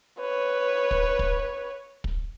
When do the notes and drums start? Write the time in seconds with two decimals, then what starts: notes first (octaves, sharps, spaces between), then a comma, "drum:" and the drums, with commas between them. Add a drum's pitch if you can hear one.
0.20 B4 C#5
0.91 drum: kick
1.19 drum: kick
2.04 drum: kick